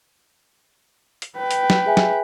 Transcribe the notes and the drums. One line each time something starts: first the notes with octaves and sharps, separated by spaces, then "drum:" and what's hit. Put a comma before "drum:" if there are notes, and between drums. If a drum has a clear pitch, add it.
drum: hi-hat
B4 G5
drum: hi-hat
drum: snare
G#4 E5 G#5
drum: snare